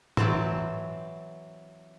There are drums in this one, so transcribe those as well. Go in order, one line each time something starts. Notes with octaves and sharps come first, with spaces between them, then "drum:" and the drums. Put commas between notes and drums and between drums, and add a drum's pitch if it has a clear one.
E3 F#3 C4 A5, drum: tom